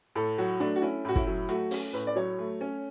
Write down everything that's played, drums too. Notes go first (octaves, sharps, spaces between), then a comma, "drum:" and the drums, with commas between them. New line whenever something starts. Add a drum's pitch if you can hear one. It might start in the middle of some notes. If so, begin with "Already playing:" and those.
A2 A4
F#3 F#4
A3 D4
F#4
C#4 E4
A2 F#4
E4, drum: kick
F#3
A3 F#4, drum: hi-hat
C#4, drum: open hi-hat
A2 B4
D5
F#3 C#5
A3
C#4